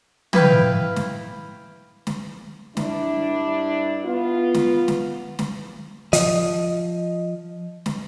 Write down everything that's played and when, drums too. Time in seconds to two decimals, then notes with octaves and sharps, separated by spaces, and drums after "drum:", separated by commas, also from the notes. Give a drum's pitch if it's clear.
0.33 E4 B4 F5 G5, drum: tom
0.96 drum: snare
2.07 drum: snare
2.77 G2 D4 E4, drum: snare
4.05 B3 F4
4.54 drum: snare
4.88 drum: snare
5.39 drum: snare
6.13 F3 D#5, drum: hi-hat
7.86 drum: snare